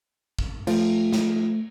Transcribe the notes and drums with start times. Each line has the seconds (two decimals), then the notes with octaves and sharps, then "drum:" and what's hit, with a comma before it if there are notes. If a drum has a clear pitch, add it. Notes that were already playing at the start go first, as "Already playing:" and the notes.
0.39 drum: kick
0.67 F3 A3, drum: cymbal
1.12 drum: snare